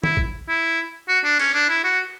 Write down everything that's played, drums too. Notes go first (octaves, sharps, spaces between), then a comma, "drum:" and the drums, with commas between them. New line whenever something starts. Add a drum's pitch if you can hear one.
E4, drum: tom
drum: kick
E4
F#4
D4
C#4, drum: cymbal
D4
E4
F#4